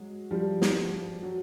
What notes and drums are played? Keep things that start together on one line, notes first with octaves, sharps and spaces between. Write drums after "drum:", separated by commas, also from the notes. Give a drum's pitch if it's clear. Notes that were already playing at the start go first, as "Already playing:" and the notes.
Already playing: F#3 G#3
F3 G3
drum: snare
F#3